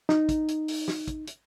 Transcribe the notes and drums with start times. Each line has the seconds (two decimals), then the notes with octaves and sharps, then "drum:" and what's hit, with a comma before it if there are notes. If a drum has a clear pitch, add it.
0.09 D#4, drum: snare
0.29 drum: kick, hi-hat
0.48 drum: hi-hat
0.68 drum: open hi-hat
0.88 drum: snare
1.07 drum: kick, hi-hat
1.27 drum: hi-hat